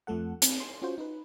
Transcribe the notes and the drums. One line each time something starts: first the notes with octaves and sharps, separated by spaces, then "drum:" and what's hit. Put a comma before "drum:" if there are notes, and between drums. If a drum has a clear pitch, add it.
F2 F3 A3 A4 F#5
C4, drum: hi-hat
C6
C#4 F4 F#4 C5
D#4 B4